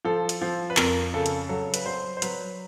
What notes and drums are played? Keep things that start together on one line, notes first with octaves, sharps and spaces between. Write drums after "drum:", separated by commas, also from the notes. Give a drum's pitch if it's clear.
F3 A4
drum: hi-hat
F3
B4
F2 A#4, drum: clap
C#3 A4
drum: hi-hat
F#3 A4
B4, drum: hi-hat
F#3 C5
C5
F#3 B4, drum: hi-hat